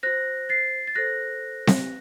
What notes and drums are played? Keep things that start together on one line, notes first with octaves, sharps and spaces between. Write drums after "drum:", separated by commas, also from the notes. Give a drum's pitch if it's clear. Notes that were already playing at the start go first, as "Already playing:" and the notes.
F#4 C5 F#6 A#6
A6 C7
A6
F#4 A4 C5 F#6 A#6
drum: snare C4